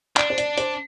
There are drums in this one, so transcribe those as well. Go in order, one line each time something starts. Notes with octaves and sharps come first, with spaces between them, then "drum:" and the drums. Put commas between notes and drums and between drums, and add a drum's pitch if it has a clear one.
D4 D5, drum: clap
C5
D5, drum: hi-hat
C5, drum: hi-hat